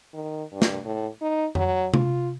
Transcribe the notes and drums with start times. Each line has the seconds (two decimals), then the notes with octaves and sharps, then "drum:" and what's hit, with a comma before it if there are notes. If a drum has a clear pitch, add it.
0.14 D#3
0.52 G2
0.62 drum: snare
0.85 A2
1.21 D#4
1.55 F#3, drum: tom F2
1.94 F4, drum: tom C3